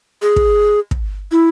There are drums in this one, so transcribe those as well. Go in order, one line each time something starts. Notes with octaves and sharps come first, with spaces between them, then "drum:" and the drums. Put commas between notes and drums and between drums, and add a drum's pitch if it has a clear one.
G#4
drum: kick
drum: kick
E4